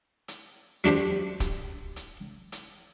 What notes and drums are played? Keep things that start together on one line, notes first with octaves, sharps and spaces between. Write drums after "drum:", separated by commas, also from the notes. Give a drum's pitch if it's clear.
drum: hi-hat
F#3 D4 G4 C5, drum: hi-hat
drum: kick, hi-hat
drum: hi-hat
drum: hi-hat